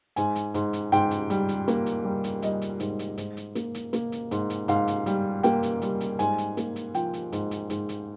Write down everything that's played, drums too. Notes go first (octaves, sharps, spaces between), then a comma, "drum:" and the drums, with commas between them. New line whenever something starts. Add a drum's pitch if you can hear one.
G#2 G#5, drum: hi-hat
drum: hi-hat
G#2, drum: hi-hat
drum: hi-hat
G#2 G5, drum: hi-hat
drum: hi-hat
G3, drum: hi-hat
drum: hi-hat
A#3, drum: hi-hat
drum: hi-hat
G3
drum: hi-hat
G3 D#5, drum: hi-hat
drum: hi-hat
G#2, drum: hi-hat
drum: hi-hat
G#2, drum: hi-hat
drum: hi-hat
A#3, drum: hi-hat
drum: hi-hat
A#3, drum: hi-hat
drum: hi-hat
G#2, drum: hi-hat
drum: hi-hat
G#2 F5, drum: hi-hat
drum: hi-hat
G3, drum: hi-hat
A#3 G5, drum: hi-hat
drum: hi-hat
G3, drum: hi-hat
drum: hi-hat
G#2 G#5, drum: hi-hat
drum: hi-hat
A#3, drum: hi-hat
drum: hi-hat
F3 G5, drum: hi-hat
drum: hi-hat
G#2, drum: hi-hat
drum: hi-hat
G#2, drum: hi-hat
drum: hi-hat